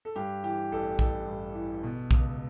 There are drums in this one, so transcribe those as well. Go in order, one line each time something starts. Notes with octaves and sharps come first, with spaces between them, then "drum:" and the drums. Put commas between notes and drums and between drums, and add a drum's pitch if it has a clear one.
A4
G2 G4
E3 G4
A1 A4
A1 A4, drum: kick
G2
E3
B2
C#2, drum: kick